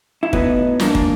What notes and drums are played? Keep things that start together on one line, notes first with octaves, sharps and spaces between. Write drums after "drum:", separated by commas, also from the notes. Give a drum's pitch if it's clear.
E4
A2 F#3 B3 D#4, drum: kick
G#2 F3 A#3 D4, drum: snare
drum: kick